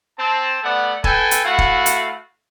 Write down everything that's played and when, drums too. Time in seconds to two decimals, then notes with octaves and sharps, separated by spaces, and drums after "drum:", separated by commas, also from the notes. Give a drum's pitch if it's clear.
0.19 C4 A5
0.63 A3 B3 D5 F#5
1.04 A4 B4 G5 G#5, drum: kick
1.31 drum: hi-hat
1.44 A3 E4 F#4 F5 F#5
1.58 drum: kick
1.86 drum: hi-hat